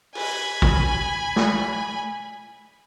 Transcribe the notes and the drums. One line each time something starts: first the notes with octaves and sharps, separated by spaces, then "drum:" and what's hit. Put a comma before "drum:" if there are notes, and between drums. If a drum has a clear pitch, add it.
G#5 B5, drum: open hi-hat
drum: kick
drum: snare